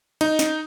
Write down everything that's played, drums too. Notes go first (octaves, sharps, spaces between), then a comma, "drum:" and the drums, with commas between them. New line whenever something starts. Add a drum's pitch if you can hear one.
D#4, drum: cymbal
drum: snare